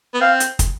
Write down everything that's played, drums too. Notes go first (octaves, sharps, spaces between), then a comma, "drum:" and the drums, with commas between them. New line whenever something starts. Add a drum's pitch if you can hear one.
B3
C4 F5
drum: hi-hat
drum: kick, hi-hat